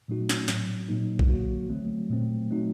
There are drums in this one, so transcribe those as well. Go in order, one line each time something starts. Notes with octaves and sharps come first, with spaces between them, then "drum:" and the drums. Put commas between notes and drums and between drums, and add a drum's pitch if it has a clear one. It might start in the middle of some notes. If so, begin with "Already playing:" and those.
A#2 F#3 A3 D#4 F#4
drum: snare
A2 F#3 C4, drum: snare
A#2 F#3 A#3 D#4
drum: kick
D3 F#3 A#3 F#4
D3 F#3 A3 C4
A#2 F#3 A3 C4
F#3 A3 D#4 F#4